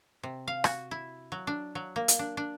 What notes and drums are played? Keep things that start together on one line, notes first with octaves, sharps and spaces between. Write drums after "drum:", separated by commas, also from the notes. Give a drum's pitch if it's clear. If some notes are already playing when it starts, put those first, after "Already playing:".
C3
F5
F#4, drum: rim click
E4
F#3
D4
F#3
A#3
drum: hi-hat
D4
D4